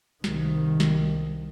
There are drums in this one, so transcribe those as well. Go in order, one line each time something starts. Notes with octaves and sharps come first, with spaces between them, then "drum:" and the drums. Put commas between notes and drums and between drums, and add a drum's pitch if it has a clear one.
C2 D#3, drum: snare
drum: snare